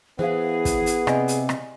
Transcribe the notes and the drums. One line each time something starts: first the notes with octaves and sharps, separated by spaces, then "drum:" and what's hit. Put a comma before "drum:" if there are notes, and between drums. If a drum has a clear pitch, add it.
E3 B3 G#4 C5 F5
drum: kick, hi-hat
drum: hi-hat
C3 D5 D#5 G#5, drum: rim click
drum: hi-hat
drum: rim click